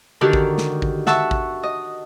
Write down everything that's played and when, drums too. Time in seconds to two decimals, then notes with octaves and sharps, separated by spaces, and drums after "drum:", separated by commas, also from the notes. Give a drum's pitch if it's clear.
0.21 D3 D#3 D4 F#4 G4 A#4
0.33 drum: kick A1
0.58 drum: snare
0.82 drum: kick A1
1.07 E5 F#5 A5 C#6 E6, drum: snare
1.31 drum: kick A1
1.63 D#5